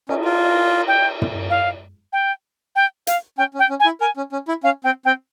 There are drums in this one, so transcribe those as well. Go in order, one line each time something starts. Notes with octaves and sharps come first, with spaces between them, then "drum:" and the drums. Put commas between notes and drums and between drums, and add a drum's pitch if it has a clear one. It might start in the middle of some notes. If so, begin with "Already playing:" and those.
C#4, drum: cymbal
F4
G5
drum: tom
F5
G5
G5
F5, drum: hi-hat
C#4 G5
C#4
G5
C#4
G#5
E4
A#4 G#5
C#4
C#4
E4
C#4 F5
C4 G5
C4 G5